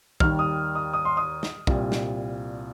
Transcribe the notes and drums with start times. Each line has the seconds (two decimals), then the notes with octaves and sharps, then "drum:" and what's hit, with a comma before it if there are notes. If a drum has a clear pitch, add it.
0.20 D#2 D#3 G3 F6, drum: kick
0.39 D#6
0.75 D#6
0.93 D#6
1.05 C6
1.17 D#6
1.43 drum: snare
1.67 C2 A#2 G3, drum: kick
1.92 drum: snare